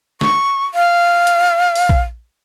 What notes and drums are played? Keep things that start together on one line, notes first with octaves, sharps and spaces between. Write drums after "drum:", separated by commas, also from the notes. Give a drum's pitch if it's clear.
C#6, drum: snare
F5
drum: hi-hat
drum: open hi-hat
drum: kick